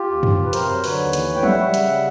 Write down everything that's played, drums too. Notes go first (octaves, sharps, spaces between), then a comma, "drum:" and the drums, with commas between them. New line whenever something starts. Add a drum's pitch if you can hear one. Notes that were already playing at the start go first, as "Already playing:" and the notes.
Already playing: F4 G4
D#2
F3, drum: tom F#2
F3
B4
C3 A#4 C5, drum: hi-hat
F#3
D3 B4 C#5, drum: open hi-hat
D#2
E3, drum: hi-hat
A2
G5
G3 E5 F#5, drum: tom F3
G3
C#3, drum: hi-hat
G3